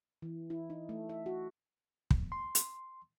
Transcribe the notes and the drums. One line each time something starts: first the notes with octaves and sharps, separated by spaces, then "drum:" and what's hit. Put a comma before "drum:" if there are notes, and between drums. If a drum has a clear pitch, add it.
E3
E4
D#4
A3
E5
F#4
drum: kick
C6
drum: hi-hat